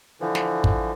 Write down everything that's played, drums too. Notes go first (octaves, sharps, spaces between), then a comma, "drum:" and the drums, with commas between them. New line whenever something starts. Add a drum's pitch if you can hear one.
D3 E3 F3
drum: snare
drum: kick